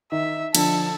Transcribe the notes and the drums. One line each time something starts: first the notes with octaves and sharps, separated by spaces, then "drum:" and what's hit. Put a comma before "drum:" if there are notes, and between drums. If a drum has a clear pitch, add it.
D#3 E5
D3 F3 A4, drum: cymbal